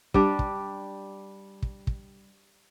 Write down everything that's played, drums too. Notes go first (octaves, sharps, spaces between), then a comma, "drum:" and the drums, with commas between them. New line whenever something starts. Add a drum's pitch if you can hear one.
G3 D4 G4, drum: kick
drum: kick
drum: kick
drum: kick